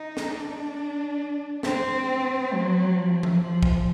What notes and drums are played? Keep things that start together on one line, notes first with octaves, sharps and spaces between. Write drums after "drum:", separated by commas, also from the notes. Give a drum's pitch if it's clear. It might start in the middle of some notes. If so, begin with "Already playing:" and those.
Already playing: D#4
drum: snare
D4
C4, drum: snare
F#3
F3
drum: tom F3
F3
drum: kick